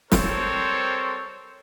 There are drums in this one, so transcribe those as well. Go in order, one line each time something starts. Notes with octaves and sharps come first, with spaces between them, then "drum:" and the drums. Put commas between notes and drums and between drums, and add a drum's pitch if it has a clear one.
G3 C4 A4 A#4 C5 C#5, drum: snare